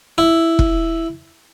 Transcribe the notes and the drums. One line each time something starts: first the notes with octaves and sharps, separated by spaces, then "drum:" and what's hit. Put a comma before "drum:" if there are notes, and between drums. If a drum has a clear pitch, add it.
E4
drum: kick F1